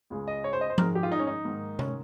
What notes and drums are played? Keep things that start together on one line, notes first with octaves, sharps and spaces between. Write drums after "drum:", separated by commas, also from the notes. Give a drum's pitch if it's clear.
C#2 C#3 G#3
D#5
C#5
C5
D#5
C5
G#2 D#3 G#3 A#4, drum: tom F3
G4
F4
D#4
C#4
D#4
G#2 D#3 A#3
C#4, drum: tom C3